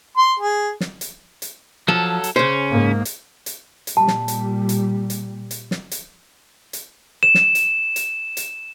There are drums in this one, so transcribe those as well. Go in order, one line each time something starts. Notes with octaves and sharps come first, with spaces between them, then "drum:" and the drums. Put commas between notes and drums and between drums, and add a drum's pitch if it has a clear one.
C6
G#4
drum: snare
drum: hi-hat
drum: hi-hat
F3 F#3 A4
drum: hi-hat
C#3 C#4 C5
G#2 A#3
drum: hi-hat
drum: hi-hat
drum: hi-hat
A#2 G3 A5
drum: snare
drum: hi-hat
drum: hi-hat
drum: hi-hat
drum: hi-hat
drum: snare
drum: hi-hat
drum: hi-hat
E7
drum: snare
drum: hi-hat
drum: hi-hat
drum: hi-hat